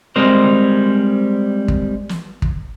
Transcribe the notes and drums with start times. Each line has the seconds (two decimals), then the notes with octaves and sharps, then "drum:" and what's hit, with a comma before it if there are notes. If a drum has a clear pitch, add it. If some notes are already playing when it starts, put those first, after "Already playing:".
0.16 G3 G#3 C4 A#4 C5
1.68 drum: kick
2.09 drum: snare
2.42 drum: kick